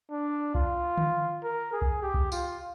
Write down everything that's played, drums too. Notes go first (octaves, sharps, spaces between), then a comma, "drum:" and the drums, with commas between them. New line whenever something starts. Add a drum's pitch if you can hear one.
D4
F4, drum: kick C2
drum: tom D3
A#4
G#4
drum: kick C2
G4
drum: kick C2
F4, drum: tambourine